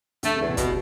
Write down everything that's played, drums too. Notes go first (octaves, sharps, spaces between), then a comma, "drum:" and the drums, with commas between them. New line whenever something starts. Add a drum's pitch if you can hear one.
D2 D3 A3, drum: hi-hat
C#2 C#3
E2
C2 C3
B2, drum: kick, hi-hat